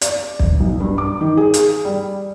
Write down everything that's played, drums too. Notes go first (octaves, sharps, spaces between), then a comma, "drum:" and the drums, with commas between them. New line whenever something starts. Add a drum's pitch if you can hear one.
D5, drum: hi-hat
drum: kick
B1
G2
D6
D#3
G#4
drum: hi-hat
G3